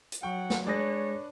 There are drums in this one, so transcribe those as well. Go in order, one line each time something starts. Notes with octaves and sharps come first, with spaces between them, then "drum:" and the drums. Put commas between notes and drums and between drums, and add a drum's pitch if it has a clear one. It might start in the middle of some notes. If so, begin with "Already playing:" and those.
drum: hi-hat
F#3 F#5 G5 C#6
drum: snare
G#3 D4 G#4 B4 C#5 D5 A#6